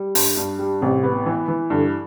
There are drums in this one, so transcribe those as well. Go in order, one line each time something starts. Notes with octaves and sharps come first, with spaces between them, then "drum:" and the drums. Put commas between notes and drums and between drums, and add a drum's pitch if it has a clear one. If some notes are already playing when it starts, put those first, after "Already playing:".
Already playing: G3
G2, drum: open hi-hat
G2
G3
A1 C3
B3
E3
E3
G2 D3